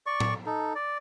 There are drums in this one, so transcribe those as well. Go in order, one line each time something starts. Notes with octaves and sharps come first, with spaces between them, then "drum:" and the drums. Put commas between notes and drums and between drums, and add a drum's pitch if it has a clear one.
D5 C#6
drum: tom A2
D#4 A4
D5